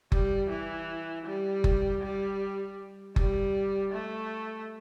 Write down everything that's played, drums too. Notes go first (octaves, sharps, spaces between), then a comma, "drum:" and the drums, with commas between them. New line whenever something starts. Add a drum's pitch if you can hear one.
G3, drum: kick F#1
E3
G3
drum: kick F#1
G3
G3, drum: kick F#1
A3